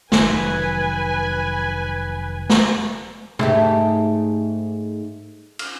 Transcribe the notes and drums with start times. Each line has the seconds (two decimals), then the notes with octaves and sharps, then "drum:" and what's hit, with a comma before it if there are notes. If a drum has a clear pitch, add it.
0.12 F1 D#3 F#3 B4 G#5, drum: snare
2.50 drum: snare
3.39 G#2 A3 G4, drum: tom
5.59 drum: cymbal